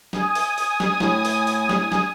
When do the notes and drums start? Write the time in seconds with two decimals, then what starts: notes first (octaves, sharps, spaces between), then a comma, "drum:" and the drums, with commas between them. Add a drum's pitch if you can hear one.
0.13 G#5 D#6, drum: snare
0.35 drum: open hi-hat
0.58 drum: open hi-hat
0.80 drum: snare
1.00 A2, drum: snare
1.25 drum: open hi-hat
1.47 drum: open hi-hat
1.69 drum: snare
1.92 drum: snare